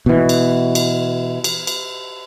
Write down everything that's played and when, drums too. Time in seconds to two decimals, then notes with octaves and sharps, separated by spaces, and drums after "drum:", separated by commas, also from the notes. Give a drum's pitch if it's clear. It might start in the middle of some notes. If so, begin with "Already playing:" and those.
0.06 B2 E3
0.29 drum: cymbal
0.75 drum: cymbal
1.44 drum: cymbal
1.67 drum: cymbal